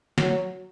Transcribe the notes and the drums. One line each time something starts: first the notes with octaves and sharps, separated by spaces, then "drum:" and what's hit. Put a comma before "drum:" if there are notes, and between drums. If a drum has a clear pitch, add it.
F#3, drum: snare